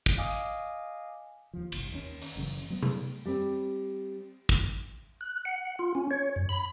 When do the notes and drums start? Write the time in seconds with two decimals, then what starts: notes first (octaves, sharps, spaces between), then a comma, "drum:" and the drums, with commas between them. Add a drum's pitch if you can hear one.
0.06 drum: kick
0.18 D#5 F5 G#5 D6 D#6
0.31 drum: tambourine
1.53 D#2 F3
1.72 G1 C2, drum: cymbal
1.92 D#2 C#4
2.22 drum: open hi-hat
2.36 F#1 F#2 C#3 E3
2.70 F#3 G3 B3
2.83 drum: tom C3
3.26 G3 C4
4.49 drum: kick
5.21 F#6
5.45 F#5
5.79 F4
5.95 C#4
6.11 C#5
6.36 F#2
6.49 B5